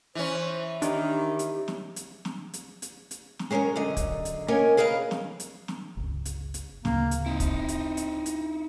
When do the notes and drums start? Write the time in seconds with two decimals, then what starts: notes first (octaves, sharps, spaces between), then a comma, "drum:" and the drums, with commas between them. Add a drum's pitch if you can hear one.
0.15 E3 C#4 C5
0.82 D#3 D4 G4, drum: hi-hat
1.39 drum: hi-hat
1.68 drum: snare
1.96 drum: hi-hat
2.25 drum: snare
2.54 drum: hi-hat
2.82 drum: hi-hat
3.11 drum: hi-hat
3.39 drum: snare
3.51 G#3 C#4 A#4 C5 C#5
3.76 F#2 D3 D#5
3.97 drum: kick, hi-hat
4.25 drum: hi-hat
4.48 A#3 C#4 A#4 C#5 D#5 G#5
4.77 G#4 A#4 B4 D#5 F5
5.11 drum: snare
5.40 drum: hi-hat
5.68 drum: snare
5.97 G1 C#2
6.25 drum: hi-hat
6.54 drum: hi-hat
6.85 D2 A2 C#3 A#3, drum: snare
7.11 drum: hi-hat
7.26 C4 D#4 E4
7.40 drum: kick, hi-hat
7.68 drum: hi-hat
7.97 drum: hi-hat
8.26 drum: hi-hat